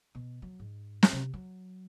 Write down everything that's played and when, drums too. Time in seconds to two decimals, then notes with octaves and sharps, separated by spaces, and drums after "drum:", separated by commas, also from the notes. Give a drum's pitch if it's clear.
0.15 B2
0.42 F#3
0.60 G#2
1.03 drum: snare
1.12 C3
1.34 F#3